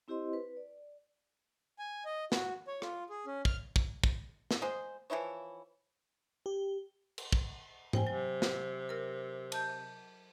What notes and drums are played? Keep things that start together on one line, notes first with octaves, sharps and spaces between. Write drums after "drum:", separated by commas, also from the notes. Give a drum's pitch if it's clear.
C4 E4 G4 C5 D#5 C6
B4
D5
G#5
D#5
F#4, drum: snare
C#5
F4, drum: rim click
G#4
C#4
F6, drum: kick
drum: kick
drum: kick
drum: snare
G#3 G#4 C5
E3 F3 E4 C#5
G4
drum: cymbal
drum: kick
C5 G5 G#5, drum: tom G#2
C3 F#3 G#5
drum: snare
A#4 F6
A5 G6, drum: cymbal